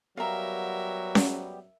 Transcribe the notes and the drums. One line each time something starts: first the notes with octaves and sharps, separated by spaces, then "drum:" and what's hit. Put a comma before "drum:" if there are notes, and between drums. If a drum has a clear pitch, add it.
F#3 G3 B3 G4 A#4 E5 F5 A#5
drum: snare C#4